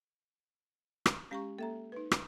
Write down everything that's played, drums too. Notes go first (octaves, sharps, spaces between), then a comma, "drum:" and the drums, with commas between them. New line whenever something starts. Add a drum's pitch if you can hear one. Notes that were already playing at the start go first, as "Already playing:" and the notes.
drum: rim click
G#3 C#4 G4 F5 A#5 C#6
A#3 A4 E5 A#5
D#4 B4
drum: rim click